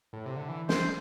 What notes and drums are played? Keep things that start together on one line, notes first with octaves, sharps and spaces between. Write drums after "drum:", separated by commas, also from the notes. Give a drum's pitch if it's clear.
A2
C3
D3
E3
C5, drum: snare